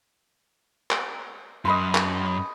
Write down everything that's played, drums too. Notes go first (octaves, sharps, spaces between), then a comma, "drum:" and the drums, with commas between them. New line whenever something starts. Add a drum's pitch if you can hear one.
drum: clap
F#2 D#5 B5 C6
drum: clap